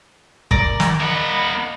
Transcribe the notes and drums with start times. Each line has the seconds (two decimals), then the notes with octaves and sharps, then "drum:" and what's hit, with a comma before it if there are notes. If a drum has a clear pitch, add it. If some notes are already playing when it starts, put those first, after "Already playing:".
0.51 A#4 D5, drum: kick
0.80 drum: snare
1.01 A#3 D#5 F#5 B5